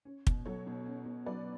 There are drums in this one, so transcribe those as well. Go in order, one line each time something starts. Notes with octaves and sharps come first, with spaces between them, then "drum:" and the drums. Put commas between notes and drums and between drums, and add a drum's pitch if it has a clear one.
C#4
B2, drum: kick
F#3 A4 C#5
B2
C#4
B2
F#3 B4 D5